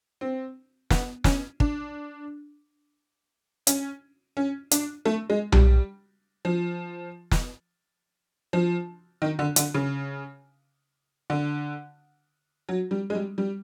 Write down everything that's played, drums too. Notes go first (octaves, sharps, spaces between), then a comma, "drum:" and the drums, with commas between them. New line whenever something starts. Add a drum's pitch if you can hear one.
C4
B3, drum: snare
C#4, drum: snare
D4, drum: kick
C#4, drum: hi-hat
C#4
D4, drum: hi-hat
A3
G#3
G3, drum: tom B1
F3
drum: snare
F3
D#3
D3
D3, drum: hi-hat
C#3
D3
F#3
G3
G#3
G3
G3